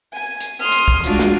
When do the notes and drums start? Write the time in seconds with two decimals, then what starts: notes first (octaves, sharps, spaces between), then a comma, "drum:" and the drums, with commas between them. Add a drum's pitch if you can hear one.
0.12 G#5
0.40 drum: hi-hat
0.61 C6 D#6 F6
0.72 drum: hi-hat
0.88 drum: kick
1.03 G#3 D4 F4 F#4, drum: hi-hat
1.19 drum: snare